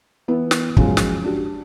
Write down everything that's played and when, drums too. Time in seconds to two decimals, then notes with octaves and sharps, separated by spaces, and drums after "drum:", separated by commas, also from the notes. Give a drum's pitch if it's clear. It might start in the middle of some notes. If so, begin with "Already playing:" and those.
0.28 E3 B3 E4
0.51 drum: snare
0.77 F3 F#3 G#3 C#4 F4, drum: kick
0.97 drum: snare
1.24 D4 F#4 G4